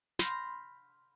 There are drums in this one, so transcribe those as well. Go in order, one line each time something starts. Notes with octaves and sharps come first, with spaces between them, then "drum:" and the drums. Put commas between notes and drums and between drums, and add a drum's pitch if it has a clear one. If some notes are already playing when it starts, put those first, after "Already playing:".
B5 C6 F6 G6 A#6, drum: snare